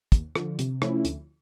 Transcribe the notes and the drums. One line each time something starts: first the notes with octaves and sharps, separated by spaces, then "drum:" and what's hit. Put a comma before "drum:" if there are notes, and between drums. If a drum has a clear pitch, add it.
D#2, drum: kick, hi-hat
D3 F3, drum: rim click
C3, drum: hi-hat
F3 A3 C#4 E4, drum: rim click
D2, drum: hi-hat